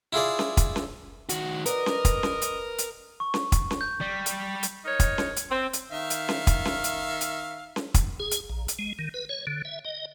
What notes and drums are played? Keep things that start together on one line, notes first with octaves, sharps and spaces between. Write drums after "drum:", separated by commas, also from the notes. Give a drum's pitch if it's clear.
E4 F4 G#4 D5
drum: snare C#4
drum: kick, hi-hat
drum: snare C#4
D#3 F#4, drum: hi-hat
A#4 B4 D5 D#5, drum: hi-hat
drum: snare C#4
drum: kick, hi-hat
drum: snare C#4
drum: hi-hat
drum: hi-hat
C#6
drum: snare C#4
drum: kick, hi-hat
drum: snare C#4
G6
G3
drum: hi-hat
drum: hi-hat
D#4 A#4 C#5
drum: kick, hi-hat
drum: snare C#4
drum: hi-hat
C4
drum: hi-hat
D#3 E5 F5
drum: hi-hat
drum: snare C#4
drum: kick, hi-hat
drum: snare C#4
drum: hi-hat
drum: hi-hat
drum: snare C#4
drum: kick, hi-hat
G#4
drum: hi-hat
A#1
drum: hi-hat
G#3
D#3
B4
C#5
D3
E5
D#5